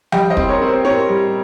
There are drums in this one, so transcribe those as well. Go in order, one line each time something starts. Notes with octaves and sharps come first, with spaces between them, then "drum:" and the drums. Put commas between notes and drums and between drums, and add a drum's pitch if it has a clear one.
G3 D#5 G5, drum: tom F3
C5 D#5
C4, drum: kick
A#4 C#5
C4 A#4
C5
C4 A#4 C#5
G3